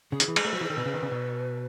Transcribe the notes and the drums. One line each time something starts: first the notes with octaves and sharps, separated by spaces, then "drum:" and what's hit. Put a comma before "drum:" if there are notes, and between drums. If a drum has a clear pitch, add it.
C#3 G#4
D#3, drum: hi-hat
E3
G#3, drum: cymbal
A3
F#3
F#4
E3 G#4
D#3 A4
B2 B4
C#3
D#3
C#3
B2